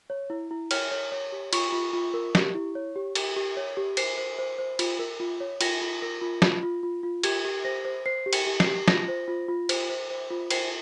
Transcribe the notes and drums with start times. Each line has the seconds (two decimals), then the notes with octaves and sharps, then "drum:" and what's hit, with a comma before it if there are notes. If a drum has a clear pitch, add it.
0.10 C#5
0.30 E4
0.51 E4
0.71 C#5 F6, drum: cymbal
0.91 C#5
1.12 C#5
1.32 G4
1.53 F4 C#6, drum: cymbal
1.72 F4
1.93 F4
2.14 A#4
2.35 G4, drum: snare
2.55 E4
2.75 C#5
2.96 G4
3.15 G4, drum: cymbal
3.36 G4
3.57 C#5
3.77 G4
3.97 C5 C7, drum: cymbal
4.18 C5
4.38 C5
4.58 C5
4.79 F4, drum: cymbal
4.99 A#4
5.20 F4
5.40 C#5
5.61 F4 A#6, drum: cymbal
5.81 F4
6.02 A#4 A#6
6.22 F4
6.42 F4, drum: snare
6.63 F4
6.83 F4
7.03 F4
7.23 G4 G#6, drum: cymbal
7.45 G4
7.65 C5 A#6
7.85 C5
8.06 C5 C7
8.26 G4
8.33 C#7, drum: cymbal
8.47 G4
8.60 C7, drum: snare
8.67 G4
8.88 F4 A#6, drum: snare
9.08 C5
9.28 F4
9.49 F4
9.69 C5, drum: cymbal
9.89 C5
10.10 C5
10.30 F4
10.51 C5 C7, drum: cymbal